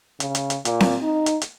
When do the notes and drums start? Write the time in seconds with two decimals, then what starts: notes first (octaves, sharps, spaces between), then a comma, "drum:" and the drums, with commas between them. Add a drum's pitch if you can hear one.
0.20 C#3, drum: hi-hat
0.35 drum: hi-hat
0.50 drum: hi-hat
0.65 A#2, drum: hi-hat
0.80 drum: snare C4
1.02 D#4
1.26 drum: hi-hat
1.42 drum: hi-hat